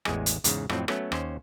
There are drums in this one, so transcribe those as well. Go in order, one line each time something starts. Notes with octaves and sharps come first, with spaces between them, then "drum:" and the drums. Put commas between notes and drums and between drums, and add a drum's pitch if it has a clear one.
A1 E2 G#3 G#5, drum: rim click
drum: hi-hat
E2 G#2 C#3, drum: hi-hat
F2 A2 F#3 C4, drum: rim click
F#3 A3 B3 C#4, drum: rim click
D#2 C#4 C5, drum: rim click